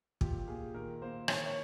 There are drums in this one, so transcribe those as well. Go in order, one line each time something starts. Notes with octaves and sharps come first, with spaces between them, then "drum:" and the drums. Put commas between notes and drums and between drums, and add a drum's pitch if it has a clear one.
A#2 G4, drum: kick
A#3 G#4
D#3 A#4
A#3 C5
D#3 C#5, drum: rim click
C#5